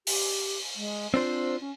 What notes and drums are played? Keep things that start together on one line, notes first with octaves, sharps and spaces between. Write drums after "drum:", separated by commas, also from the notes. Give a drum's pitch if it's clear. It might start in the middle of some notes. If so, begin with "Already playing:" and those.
G4, drum: open hi-hat
G#3
C4 D4 F4 C5
C#4